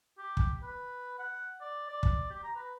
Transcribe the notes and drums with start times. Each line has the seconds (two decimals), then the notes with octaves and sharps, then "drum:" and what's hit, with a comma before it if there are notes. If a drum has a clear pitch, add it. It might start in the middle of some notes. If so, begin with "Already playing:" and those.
0.18 G4
0.37 drum: kick
0.63 B4
1.19 F#5
1.61 D5
1.88 D5
2.03 drum: kick
2.31 G4
2.43 A#5
2.56 B4